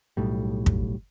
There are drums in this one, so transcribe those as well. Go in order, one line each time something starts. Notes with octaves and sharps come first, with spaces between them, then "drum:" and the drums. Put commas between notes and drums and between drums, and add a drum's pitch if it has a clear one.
B1 A2 G3
drum: kick